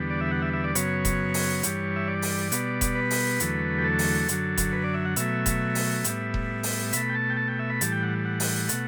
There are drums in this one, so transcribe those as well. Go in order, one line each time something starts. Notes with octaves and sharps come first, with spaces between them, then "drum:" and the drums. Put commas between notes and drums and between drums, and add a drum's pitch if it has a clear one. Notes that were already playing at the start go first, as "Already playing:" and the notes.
Already playing: E2 D3 G3 B3
D5
E5
F#5
E5
E5
D5
F#2 C#3 F#3 B3 C#5, drum: hi-hat
drum: kick E1, hi-hat
drum: open hi-hat
G2 E3 G3, drum: hi-hat
E5
D5
drum: open hi-hat
B2 G3 B3, drum: hi-hat
drum: kick E1, hi-hat
B4
drum: open hi-hat
E2 D3 F#3 A3, drum: hi-hat
G4
A4
drum: open hi-hat
F#2 D3 F#3, drum: hi-hat
drum: kick E1, hi-hat
B4
D5
E5
F#5
B2 F#3 A3 E5, drum: hi-hat
drum: kick E1, hi-hat
drum: open hi-hat
A2 G3 B3, drum: hi-hat
drum: kick E1
drum: open hi-hat
B2 A3 B5, drum: hi-hat
G5
A5
G5
A5
G5
E5
B5
A2 E3 G3 A5, drum: hi-hat
G5
F#5
F#5
drum: open hi-hat
B2 A3, drum: hi-hat